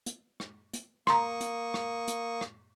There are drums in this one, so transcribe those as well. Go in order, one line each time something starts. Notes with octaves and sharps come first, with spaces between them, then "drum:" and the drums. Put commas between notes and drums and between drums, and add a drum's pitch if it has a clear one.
drum: hi-hat
drum: rim click
drum: hi-hat
A#3 A#5 C6 C#6 D#6, drum: rim click
drum: hi-hat
drum: rim click
drum: hi-hat
drum: rim click